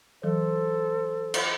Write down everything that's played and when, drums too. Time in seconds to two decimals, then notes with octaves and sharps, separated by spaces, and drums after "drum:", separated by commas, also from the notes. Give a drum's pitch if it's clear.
0.24 E3 F#3 A4 C5
1.34 drum: cymbal